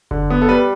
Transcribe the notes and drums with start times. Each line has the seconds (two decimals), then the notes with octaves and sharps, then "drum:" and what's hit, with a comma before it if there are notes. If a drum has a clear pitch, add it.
0.11 D3, drum: kick F#1
0.30 B3
0.42 A4
0.49 G3 B4